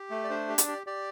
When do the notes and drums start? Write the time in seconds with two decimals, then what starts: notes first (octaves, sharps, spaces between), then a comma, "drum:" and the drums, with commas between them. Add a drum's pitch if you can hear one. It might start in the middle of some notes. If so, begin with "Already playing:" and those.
Already playing: G4
0.10 A3
0.24 D5
0.30 D4 C5
0.49 G4
0.58 D5, drum: hi-hat
0.68 G4
0.87 G4 D5